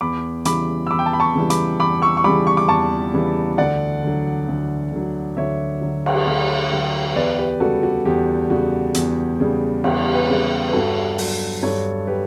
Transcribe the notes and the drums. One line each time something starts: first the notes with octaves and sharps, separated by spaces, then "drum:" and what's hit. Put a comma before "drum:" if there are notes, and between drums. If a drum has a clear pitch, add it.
E2 B5 D6
C#3 E3 G3 B5 D6, drum: hi-hat
E6
E2 B5 D6
G5
A5
B5
A5 C#6
C#3 E3 G3
B5 D6, drum: hi-hat
E2 B5 D6
C#6 E6
C#6
C#3 E3 G3 B5 D6
C#6
D6
E2 A5 C#6
C#3 E3 G3
D2 D5 F#5
D3 F#3
D2
D3 F#3
D2 C#5 E5
D3 F#3
drum: cymbal
D2
D3 F#3
E2 B4 D5
G4 B4
C#3 G3 F#4 A4
F#4
E2 G4
C#3 G3 F#4
E2, drum: hi-hat
C#3 G3
E2 G4, drum: cymbal
G4 B4
C#3 G3
B4
G2 F#4 A4
F#3, drum: open hi-hat
G2 A4 C#5
F#3 G4 B4